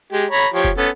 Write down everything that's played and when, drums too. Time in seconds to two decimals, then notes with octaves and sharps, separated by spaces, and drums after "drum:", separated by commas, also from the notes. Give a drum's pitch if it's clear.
0.13 G#3 G4
0.31 C#5 A#5 B5
0.54 F3 G4 C#5
0.65 drum: kick F1
0.78 B3 C#4 A4